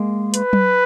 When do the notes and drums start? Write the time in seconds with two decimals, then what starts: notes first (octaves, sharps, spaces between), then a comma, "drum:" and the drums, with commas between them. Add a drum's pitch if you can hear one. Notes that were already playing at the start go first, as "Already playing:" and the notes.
Already playing: G#3 A#3
0.34 B4, drum: hi-hat
0.53 drum: tom F#3